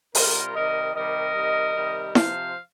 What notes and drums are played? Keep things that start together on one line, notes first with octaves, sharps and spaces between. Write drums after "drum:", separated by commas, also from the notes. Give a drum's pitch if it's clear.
C3 G3 F4 A#4, drum: open hi-hat
C3 D#3 G3 A#4 D#5
C3 D#3 G3 A#4 D#5
C3 D#3 G3
C3 D#3 G3
C3 F3 C5 F5, drum: snare E4